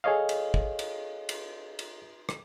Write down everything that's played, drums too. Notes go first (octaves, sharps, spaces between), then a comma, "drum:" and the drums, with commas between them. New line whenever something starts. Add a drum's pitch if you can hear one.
G#4 A4 C#5 D#5 F5
drum: cymbal
drum: kick
drum: cymbal
drum: cymbal
drum: cymbal
drum: rim click